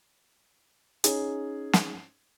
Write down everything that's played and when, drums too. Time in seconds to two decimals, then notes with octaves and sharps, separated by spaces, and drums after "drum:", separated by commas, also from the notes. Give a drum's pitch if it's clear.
1.04 C#4 D#4 G#4, drum: hi-hat
1.73 drum: snare